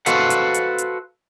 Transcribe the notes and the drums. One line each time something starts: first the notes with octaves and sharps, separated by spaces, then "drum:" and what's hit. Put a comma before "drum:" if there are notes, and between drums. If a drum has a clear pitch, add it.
F#4 A4 B4 C5 F5 F#5, drum: hi-hat
drum: hi-hat
drum: hi-hat
drum: hi-hat